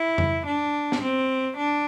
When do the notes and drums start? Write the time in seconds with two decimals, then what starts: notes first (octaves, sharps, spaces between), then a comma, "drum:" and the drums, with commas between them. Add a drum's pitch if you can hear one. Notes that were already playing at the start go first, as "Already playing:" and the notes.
Already playing: E4
0.18 drum: tom
0.46 D4
0.92 drum: snare
1.01 C4
1.57 D4